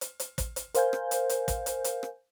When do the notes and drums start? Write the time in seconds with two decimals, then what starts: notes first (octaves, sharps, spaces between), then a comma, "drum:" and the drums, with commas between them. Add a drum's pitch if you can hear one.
0.01 drum: hi-hat
0.20 drum: hi-hat
0.38 drum: kick, hi-hat
0.56 drum: hi-hat
0.74 A#4 C5 F5 G#5 G6, drum: hi-hat
0.93 drum: rim click
1.11 drum: hi-hat
1.29 drum: hi-hat
1.48 drum: kick, hi-hat
1.66 drum: hi-hat
1.84 drum: hi-hat
2.03 drum: rim click